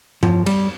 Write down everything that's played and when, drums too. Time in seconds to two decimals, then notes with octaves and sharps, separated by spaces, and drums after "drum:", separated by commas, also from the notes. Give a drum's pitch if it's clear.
0.23 F3, drum: tom G2
0.46 G3, drum: cymbal